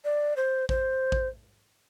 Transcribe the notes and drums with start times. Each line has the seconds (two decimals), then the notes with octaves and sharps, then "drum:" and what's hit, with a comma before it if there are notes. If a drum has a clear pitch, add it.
0.05 D5
0.37 C5
0.69 C5, drum: kick A1
1.12 drum: kick A1